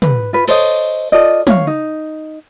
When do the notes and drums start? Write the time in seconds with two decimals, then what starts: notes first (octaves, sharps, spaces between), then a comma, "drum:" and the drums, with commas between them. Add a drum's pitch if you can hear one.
0.02 B4, drum: tom
0.33 F4 B4
0.48 A4 C5 C#5 D#5, drum: cymbal
1.12 F4 A4 D5 D#5
1.47 C#5 F5, drum: tom
1.67 D#4